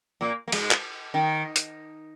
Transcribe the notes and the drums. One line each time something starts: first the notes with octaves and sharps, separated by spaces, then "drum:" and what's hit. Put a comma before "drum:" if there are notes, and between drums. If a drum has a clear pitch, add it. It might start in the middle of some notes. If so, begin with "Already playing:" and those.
A#2 A#3
A#3
G#2 G#3, drum: cymbal
drum: clap
D#3
drum: hi-hat